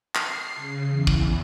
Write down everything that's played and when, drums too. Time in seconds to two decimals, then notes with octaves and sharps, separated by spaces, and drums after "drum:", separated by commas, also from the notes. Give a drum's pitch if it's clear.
0.15 C7, drum: clap
0.56 C#3
0.88 E2
1.07 drum: kick